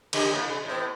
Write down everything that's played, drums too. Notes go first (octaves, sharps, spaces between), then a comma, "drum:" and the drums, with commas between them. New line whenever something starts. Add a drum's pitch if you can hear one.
C#3 G4 D#5, drum: cymbal
A2 A#3
C3
A2 B3